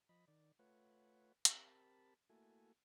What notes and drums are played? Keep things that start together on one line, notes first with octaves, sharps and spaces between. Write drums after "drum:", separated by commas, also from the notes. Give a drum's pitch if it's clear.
F3 D#5 B5
D#3 D5
A3 F4 B4 C#5 F#5
C4 G4 A#4 A5 B5, drum: hi-hat
A3 A#3 E4 F#4 A4 G#5